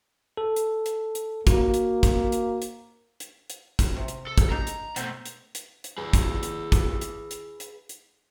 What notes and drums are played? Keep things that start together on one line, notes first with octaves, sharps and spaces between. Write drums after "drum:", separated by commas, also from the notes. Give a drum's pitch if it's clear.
A4
drum: hi-hat
drum: hi-hat
drum: hi-hat
A#3 F#4, drum: kick, hi-hat
drum: hi-hat
drum: kick, hi-hat
drum: hi-hat
drum: hi-hat
drum: hi-hat
drum: hi-hat
drum: kick, hi-hat
C3
drum: hi-hat
A4
drum: kick, hi-hat
D4 D#4 A#5
drum: hi-hat
B2 A3 C4, drum: hi-hat
drum: hi-hat
drum: hi-hat
drum: hi-hat
G#4 B4
drum: kick, hi-hat
drum: hi-hat
drum: kick, hi-hat
drum: hi-hat
drum: hi-hat
drum: hi-hat
drum: hi-hat